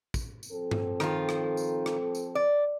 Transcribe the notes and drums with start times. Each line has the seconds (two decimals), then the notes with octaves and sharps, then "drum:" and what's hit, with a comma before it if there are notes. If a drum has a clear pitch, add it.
0.14 drum: kick, tambourine
0.43 drum: tambourine
0.52 F3 C4 A4
0.71 drum: tom G2
1.00 D#3 F4, drum: rim click
1.29 drum: rim click
1.57 drum: tambourine
1.86 drum: rim click
2.15 drum: tambourine
2.35 D5